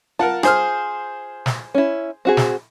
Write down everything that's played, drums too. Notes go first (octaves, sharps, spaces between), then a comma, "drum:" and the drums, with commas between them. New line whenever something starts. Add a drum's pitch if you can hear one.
F4 A#4 F#5 A5
G#4 C5 F6, drum: rim click
drum: snare
C#4 E4
C4 F#4 G#4
drum: snare